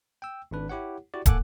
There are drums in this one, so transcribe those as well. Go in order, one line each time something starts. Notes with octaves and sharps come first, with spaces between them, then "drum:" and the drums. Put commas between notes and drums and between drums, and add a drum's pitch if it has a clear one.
G5 E6
G#1 G#2 D4 B4
E4 G4 C#5 F#5
E4 F#4 G4 D5
A#3 A4 F#5 G#5 D6 F#6, drum: kick, hi-hat